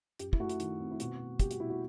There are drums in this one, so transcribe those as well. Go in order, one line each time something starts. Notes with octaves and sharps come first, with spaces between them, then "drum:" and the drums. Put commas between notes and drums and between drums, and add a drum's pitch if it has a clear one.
F#2 G4, drum: hi-hat
E4, drum: kick
A3 F#4
E4, drum: hi-hat
D#3, drum: hi-hat
C4
E4
B2 F#4, drum: hi-hat
C4
G3 G4, drum: kick, hi-hat
F#4, drum: hi-hat
B2 E4
F#4